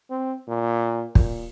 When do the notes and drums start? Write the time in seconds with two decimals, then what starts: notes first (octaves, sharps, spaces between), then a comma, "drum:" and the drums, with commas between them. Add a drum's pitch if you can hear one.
0.10 C4
0.48 A#2
1.15 A#2, drum: kick